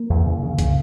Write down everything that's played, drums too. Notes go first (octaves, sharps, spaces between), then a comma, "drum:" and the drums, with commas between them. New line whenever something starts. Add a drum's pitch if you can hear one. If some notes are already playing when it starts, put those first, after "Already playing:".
Already playing: A#3
E2
C#3
C#3
C#3, drum: kick, hi-hat